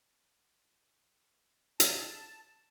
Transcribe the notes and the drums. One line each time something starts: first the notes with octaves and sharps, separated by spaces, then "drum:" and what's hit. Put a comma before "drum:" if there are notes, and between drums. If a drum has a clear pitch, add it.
A5, drum: hi-hat